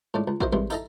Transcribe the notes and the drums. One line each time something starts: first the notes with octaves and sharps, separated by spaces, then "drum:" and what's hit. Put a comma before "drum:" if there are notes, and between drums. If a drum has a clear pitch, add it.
A2 G#3 C#4 D4
C#2
E4 F#4 A#4 C5 D#5, drum: kick A1
C2 G2 G#3 E4 C6
D#4 E4 A4 D#5 A#5, drum: tambourine